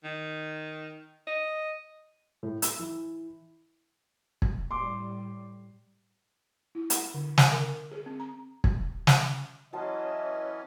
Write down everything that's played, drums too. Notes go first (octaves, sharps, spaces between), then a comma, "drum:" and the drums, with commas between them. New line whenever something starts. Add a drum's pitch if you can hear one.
D#3
D#5
A2
E6, drum: hi-hat
E3
drum: kick
A2 G3 C6 D6
E4
F#5, drum: hi-hat
D3
G#5, drum: snare
A#4
G#4
C4
A#5
drum: kick
drum: snare
E3 F#3 C#4 D#5 A5 C6